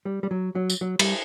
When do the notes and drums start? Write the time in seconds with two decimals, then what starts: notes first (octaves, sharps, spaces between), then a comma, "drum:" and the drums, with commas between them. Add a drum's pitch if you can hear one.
0.05 G3
0.23 G3
0.31 F#3
0.55 F#3
0.70 drum: tambourine
0.81 F#3
0.99 G3, drum: cymbal